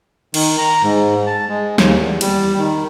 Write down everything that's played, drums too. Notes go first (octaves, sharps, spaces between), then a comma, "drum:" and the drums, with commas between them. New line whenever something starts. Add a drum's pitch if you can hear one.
D#3, drum: cymbal
A#5
G#2
A5
G#3
D#2, drum: snare
E2
G3, drum: cymbal
D#3